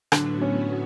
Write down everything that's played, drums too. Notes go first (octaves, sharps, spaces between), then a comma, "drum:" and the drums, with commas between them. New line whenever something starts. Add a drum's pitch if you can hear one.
A2 D3 F#3 B3 F#4, drum: rim click
C#4